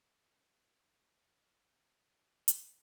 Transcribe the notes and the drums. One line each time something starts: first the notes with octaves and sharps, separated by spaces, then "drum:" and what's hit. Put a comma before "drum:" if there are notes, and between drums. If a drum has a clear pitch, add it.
B3 C#4 G4 A4
drum: hi-hat